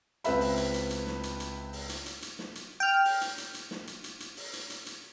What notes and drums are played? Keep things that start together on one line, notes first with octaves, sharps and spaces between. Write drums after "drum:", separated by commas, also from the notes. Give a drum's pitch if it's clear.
C#2 C4 B4 E5 B5, drum: hi-hat
drum: open hi-hat
drum: hi-hat
drum: hi-hat
drum: hi-hat
drum: snare
drum: hi-hat
drum: hi-hat
drum: open hi-hat
drum: hi-hat
drum: hi-hat
drum: hi-hat
drum: snare
drum: hi-hat
G5 F6
drum: open hi-hat
drum: hi-hat
drum: hi-hat
drum: hi-hat
drum: snare
drum: hi-hat
drum: hi-hat
drum: hi-hat
drum: open hi-hat
drum: hi-hat
drum: hi-hat
drum: hi-hat